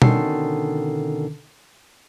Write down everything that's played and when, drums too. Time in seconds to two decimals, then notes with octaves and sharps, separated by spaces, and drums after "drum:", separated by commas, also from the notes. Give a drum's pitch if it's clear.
0.02 B2 D3 D#3 C#4 A4 C7, drum: tom B2